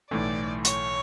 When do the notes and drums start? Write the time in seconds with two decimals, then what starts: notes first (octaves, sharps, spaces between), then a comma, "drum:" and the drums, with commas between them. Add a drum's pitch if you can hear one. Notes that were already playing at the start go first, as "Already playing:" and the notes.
0.10 B1 A2 E3 A3 D5
0.65 C#5, drum: hi-hat